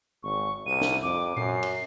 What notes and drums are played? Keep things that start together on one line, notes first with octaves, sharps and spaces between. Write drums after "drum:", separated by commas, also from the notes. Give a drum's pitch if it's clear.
G#1 C#6
C2 D#7
drum: snare
F2 D6
F#2 C7, drum: tom A#2
drum: cymbal